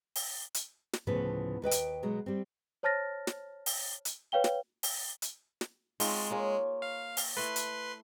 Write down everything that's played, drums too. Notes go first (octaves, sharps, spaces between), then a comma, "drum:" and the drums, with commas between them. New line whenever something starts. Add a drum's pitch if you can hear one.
drum: open hi-hat
drum: hi-hat
drum: snare
D2 A2 C#3 F3 B3 B4
D#2 B4 D#5 G5
drum: hi-hat
B2 F#3 G#3 B3
G3 C4
C5 C#5 A5 F6 A6 A#6
drum: snare
drum: open hi-hat
drum: hi-hat
B4 C#5 F5 G5 G7
drum: snare
drum: open hi-hat
drum: hi-hat
drum: snare
G#3 C4 D#4 F4 B5 C#6, drum: open hi-hat
A#3 F4 G#4 C#5
F5
drum: open hi-hat
A3 E4 B4 C6 C7
drum: hi-hat